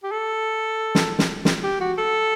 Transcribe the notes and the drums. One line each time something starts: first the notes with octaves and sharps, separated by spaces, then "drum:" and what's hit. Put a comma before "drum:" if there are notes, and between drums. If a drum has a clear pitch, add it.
G4
A4
drum: snare
drum: snare
drum: snare
G4
F#4
A4